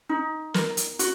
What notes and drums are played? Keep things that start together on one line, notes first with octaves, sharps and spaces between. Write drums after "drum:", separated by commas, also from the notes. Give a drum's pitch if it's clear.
D#4
A#4, drum: snare
drum: hi-hat
F#4, drum: hi-hat